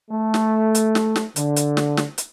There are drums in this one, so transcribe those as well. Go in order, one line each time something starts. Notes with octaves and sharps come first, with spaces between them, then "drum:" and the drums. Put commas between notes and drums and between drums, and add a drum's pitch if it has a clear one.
A3
drum: snare
drum: hi-hat
drum: snare
drum: snare
D3, drum: hi-hat
drum: hi-hat
drum: snare
drum: snare
drum: hi-hat